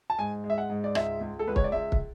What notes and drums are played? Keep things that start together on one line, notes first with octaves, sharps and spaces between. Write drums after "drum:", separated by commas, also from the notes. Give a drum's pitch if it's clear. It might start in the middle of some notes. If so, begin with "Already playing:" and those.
A5
G#2 G#5
G#3
E5
F#5
G#2
D5
C#2 E5, drum: rim click
C#2
A4
C#2 B4
C#5, drum: kick
D5
C#2 E5
drum: kick